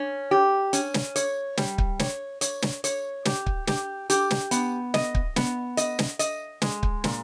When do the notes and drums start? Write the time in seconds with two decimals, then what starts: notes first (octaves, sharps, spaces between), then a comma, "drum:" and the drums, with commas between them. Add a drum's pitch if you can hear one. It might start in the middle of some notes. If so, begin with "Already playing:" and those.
Already playing: C#4
0.31 G4
0.73 C#4, drum: hi-hat
0.94 drum: snare
1.16 C#5, drum: hi-hat
1.57 G3, drum: snare
1.78 drum: kick
1.99 C#5, drum: snare
2.41 C#5, drum: hi-hat
2.62 drum: snare
2.84 C#5, drum: hi-hat
3.25 G4, drum: snare
3.46 drum: kick
3.67 G4, drum: snare
4.10 G4, drum: hi-hat
4.31 drum: snare
4.51 B3, drum: hi-hat
4.94 D#5, drum: snare
5.15 drum: kick
5.36 B3, drum: snare
5.77 D#5, drum: hi-hat
5.99 drum: snare
6.19 D#5, drum: hi-hat
6.62 G#3, drum: snare
6.83 drum: kick
7.04 A#2, drum: snare